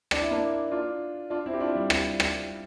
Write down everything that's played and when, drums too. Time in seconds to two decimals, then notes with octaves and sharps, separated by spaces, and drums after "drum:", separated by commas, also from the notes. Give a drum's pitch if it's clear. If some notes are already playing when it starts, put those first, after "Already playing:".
0.11 D4, drum: rim click
0.22 E4
0.31 A#3 D4
0.71 D4 F4
1.30 D4 F4
1.46 C4 E4
1.53 G4
1.60 D4 F4
1.75 G3
1.90 drum: rim click
2.20 drum: rim click